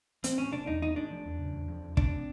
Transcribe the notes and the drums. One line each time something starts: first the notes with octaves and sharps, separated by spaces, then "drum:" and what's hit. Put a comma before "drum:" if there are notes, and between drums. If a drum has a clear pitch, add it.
E3 C4, drum: hi-hat
A3 C#4
C3 D4
E2 D#4
E3 D#4
A3 D4
F3
E2
C#3
E2
F3
E2
A3 D4, drum: kick
C4